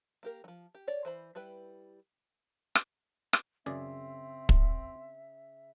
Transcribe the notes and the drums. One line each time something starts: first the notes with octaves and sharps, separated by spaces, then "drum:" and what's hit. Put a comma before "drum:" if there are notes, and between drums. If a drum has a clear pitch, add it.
A#3 G4 A#4
F3 F#3
G4
C#5 D5
E3 C5 B5
G3 E4 B4 G5
drum: rim click
drum: rim click
F#2 C#3 C4 G#4 D5 E5
drum: kick